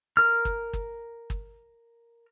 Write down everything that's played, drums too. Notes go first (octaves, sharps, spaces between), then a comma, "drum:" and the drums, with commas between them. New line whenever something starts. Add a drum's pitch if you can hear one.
A#4 F6
drum: kick
drum: kick
drum: kick